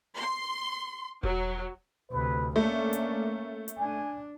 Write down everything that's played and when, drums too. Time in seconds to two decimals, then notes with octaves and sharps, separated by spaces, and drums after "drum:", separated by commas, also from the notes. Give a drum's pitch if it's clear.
0.17 C6
1.23 F#3, drum: kick E1
2.12 D2 C3 B4
2.56 A3 A#3 C#4 D4
2.93 drum: hi-hat
3.68 drum: hi-hat
3.79 D4 G#5